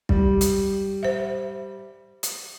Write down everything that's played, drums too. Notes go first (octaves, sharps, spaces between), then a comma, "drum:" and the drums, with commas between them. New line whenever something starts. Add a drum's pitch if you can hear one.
G3, drum: kick
drum: hi-hat
C5 E5
drum: hi-hat